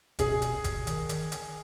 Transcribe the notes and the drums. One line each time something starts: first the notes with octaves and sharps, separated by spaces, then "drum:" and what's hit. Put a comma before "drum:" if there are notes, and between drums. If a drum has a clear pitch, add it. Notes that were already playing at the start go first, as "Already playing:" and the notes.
B2 G#4, drum: kick E1, hi-hat
drum: hi-hat
drum: kick E1, hi-hat
D#3, drum: hi-hat
drum: hi-hat
drum: hi-hat